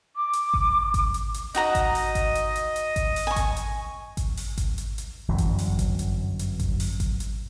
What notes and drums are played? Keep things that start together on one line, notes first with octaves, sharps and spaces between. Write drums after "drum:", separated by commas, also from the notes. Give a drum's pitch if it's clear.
D6
drum: hi-hat
drum: kick G#1
drum: kick G#1, hi-hat
drum: hi-hat
drum: hi-hat
D#4 F#4 D#5 A#5, drum: hi-hat
drum: kick G#1, hi-hat
drum: open hi-hat
drum: kick G#1, hi-hat
drum: hi-hat
drum: hi-hat
drum: hi-hat
drum: kick G#1, hi-hat
drum: open hi-hat
G#5 C#6
drum: kick G#1, hi-hat
drum: hi-hat
drum: kick G#1, hi-hat
drum: open hi-hat
drum: kick G#1, hi-hat
drum: hi-hat
drum: hi-hat
G1 F#2 E3 F#3
drum: kick G#1, hi-hat
drum: open hi-hat
drum: kick G#1, hi-hat
drum: hi-hat
drum: hi-hat
drum: kick G#1, hi-hat
drum: open hi-hat
drum: kick G#1, hi-hat
drum: hi-hat